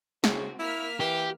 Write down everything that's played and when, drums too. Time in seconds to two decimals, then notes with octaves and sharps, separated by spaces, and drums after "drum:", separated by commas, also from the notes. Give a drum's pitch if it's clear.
0.24 C#3 C4 F#4, drum: snare
0.59 A#3 E4 F6 B6
1.00 E3 G4